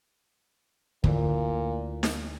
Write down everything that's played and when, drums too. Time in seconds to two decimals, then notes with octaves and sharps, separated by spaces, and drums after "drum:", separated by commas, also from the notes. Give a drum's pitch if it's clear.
1.04 D2 A#2 D3 E3, drum: kick
2.03 drum: snare D#4